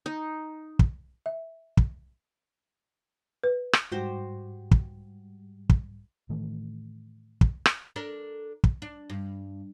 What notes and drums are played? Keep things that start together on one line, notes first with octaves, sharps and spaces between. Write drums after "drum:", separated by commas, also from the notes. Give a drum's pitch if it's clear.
D#4
drum: kick
E5
drum: kick
B4
drum: rim click
G#2 G3 F#4 G4 C5
drum: kick
drum: kick
A2 D#3 E3 A3
drum: kick
drum: rim click
D4 A4 A#4
drum: kick
D4
G2